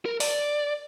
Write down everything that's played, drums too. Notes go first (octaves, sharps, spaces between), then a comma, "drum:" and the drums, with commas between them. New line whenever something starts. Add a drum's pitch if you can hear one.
A#4
D5, drum: open hi-hat